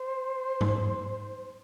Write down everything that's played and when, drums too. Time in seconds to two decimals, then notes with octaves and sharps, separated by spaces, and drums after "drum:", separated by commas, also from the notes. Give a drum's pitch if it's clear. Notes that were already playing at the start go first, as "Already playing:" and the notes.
Already playing: C5
0.61 drum: tom G#2